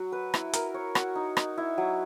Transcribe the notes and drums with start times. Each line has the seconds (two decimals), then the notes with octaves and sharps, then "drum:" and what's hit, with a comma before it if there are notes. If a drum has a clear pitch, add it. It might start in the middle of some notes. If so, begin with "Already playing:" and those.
Already playing: F#3 F#4
0.12 B4
0.34 E4, drum: rim click
0.53 A#4, drum: hi-hat
0.74 C#5
0.95 F#4, drum: rim click
1.15 D#4
1.37 D#4, drum: rim click
1.58 E4
1.78 F#3